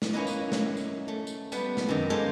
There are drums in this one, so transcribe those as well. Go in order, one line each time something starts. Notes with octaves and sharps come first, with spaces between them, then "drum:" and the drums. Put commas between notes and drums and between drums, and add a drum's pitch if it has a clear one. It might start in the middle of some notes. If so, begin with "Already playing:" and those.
drum: snare
A#3 C#4 D#4 E4 B4 D#5
drum: tambourine
drum: snare
drum: tambourine
A3
drum: tambourine
G3 B3 B4, drum: tambourine
drum: snare
F#2 C3 D#3
G#3 A#3 F4 A4 C5